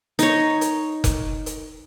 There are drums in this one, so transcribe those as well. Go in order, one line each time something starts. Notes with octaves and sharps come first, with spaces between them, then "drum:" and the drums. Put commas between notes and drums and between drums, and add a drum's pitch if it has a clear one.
D#4 C#5, drum: hi-hat
drum: hi-hat
drum: kick F1, hi-hat
drum: hi-hat